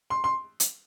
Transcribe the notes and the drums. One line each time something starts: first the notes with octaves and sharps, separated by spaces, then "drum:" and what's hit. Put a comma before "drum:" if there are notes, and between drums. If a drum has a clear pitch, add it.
C6
C6
drum: hi-hat